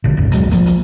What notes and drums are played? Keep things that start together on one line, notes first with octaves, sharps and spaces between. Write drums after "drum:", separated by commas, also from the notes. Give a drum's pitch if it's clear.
A#1 B2 D3
A1 E2 G#2 C#3
D1 B1 F#3 G#3, drum: hi-hat
F3 A#3, drum: hi-hat
drum: hi-hat